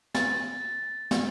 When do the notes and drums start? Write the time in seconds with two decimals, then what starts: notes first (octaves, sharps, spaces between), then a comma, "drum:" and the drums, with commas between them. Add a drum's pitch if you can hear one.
0.15 A6, drum: snare
1.11 drum: snare